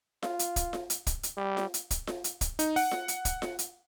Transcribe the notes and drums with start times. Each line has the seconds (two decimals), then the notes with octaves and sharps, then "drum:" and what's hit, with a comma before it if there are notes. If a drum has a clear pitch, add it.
0.23 F4, drum: snare F4
0.39 drum: hi-hat
0.56 drum: kick, hi-hat
0.73 drum: snare F4
0.90 drum: hi-hat
1.07 drum: kick, hi-hat
1.23 drum: hi-hat
1.37 G3
1.57 drum: snare F4
1.74 drum: hi-hat
1.91 drum: kick, hi-hat
2.07 drum: snare F4
2.24 drum: hi-hat
2.41 drum: kick, hi-hat
2.59 D#4, drum: hi-hat
2.76 F#5, drum: open hi-hat
2.91 drum: snare F4
3.08 drum: hi-hat
3.25 drum: kick, hi-hat
3.42 drum: snare F4
3.59 drum: hi-hat